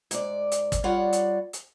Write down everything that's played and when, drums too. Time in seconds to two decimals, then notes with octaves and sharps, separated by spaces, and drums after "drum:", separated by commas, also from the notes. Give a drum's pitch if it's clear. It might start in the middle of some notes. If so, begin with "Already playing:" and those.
0.11 G#2 D5, drum: hi-hat
0.52 drum: hi-hat
0.72 drum: kick, hi-hat
0.84 G3 F4 C#5 D5 F#5
1.13 drum: hi-hat
1.53 drum: hi-hat